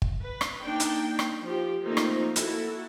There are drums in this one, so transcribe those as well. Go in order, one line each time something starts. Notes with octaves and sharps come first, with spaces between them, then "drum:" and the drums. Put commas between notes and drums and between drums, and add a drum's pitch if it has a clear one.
drum: kick
B4
drum: rim click
A#3 D4 D#4 G5
drum: hi-hat
drum: rim click
F3 G4
D#3 F3 A3 A#3 C4 D#4
drum: rim click
A#3 E4 F#4 A4, drum: hi-hat